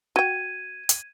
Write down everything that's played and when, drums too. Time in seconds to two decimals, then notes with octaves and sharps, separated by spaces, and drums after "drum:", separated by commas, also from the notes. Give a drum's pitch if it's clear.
0.16 F#4 G5 G#6 D#7
0.89 drum: hi-hat